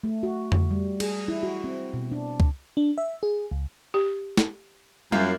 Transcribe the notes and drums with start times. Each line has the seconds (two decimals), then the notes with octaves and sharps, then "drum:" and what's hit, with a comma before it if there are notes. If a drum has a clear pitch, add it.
0.04 A3
0.23 F#4
0.52 drum: tom F2
0.70 G3
1.00 G#4, drum: cymbal
1.28 E4
1.43 F#4
1.64 C4
1.94 B2
2.12 D4
2.40 drum: kick
2.77 D4
2.98 E5
3.23 G#4
3.51 C#2
3.94 G4
4.37 drum: snare
5.12 F#2 A#3 E4 F4, drum: tom G3